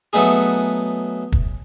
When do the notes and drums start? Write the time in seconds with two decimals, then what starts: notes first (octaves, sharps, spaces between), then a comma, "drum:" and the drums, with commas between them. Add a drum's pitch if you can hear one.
0.13 F#3 A3 B3 D#4 G#4
1.32 drum: kick